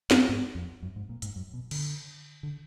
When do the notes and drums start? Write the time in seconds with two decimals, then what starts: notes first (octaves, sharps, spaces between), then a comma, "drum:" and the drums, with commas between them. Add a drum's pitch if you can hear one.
0.11 F#2, drum: snare
0.29 G#2
0.55 F2
0.82 F#2
0.96 G#2
1.09 A#2
1.22 G#2, drum: hi-hat
1.36 F#2
1.54 B2
1.71 D3, drum: cymbal
2.43 D3